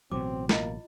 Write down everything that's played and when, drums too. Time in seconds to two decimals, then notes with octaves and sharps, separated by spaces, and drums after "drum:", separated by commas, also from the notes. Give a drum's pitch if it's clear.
0.12 A1 B2 F#3 C4 D6
0.49 A#3 E4 F4 D#5, drum: snare